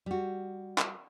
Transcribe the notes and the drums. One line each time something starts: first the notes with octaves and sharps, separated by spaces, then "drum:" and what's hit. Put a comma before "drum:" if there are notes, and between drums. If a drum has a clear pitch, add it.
G3 F#4
drum: clap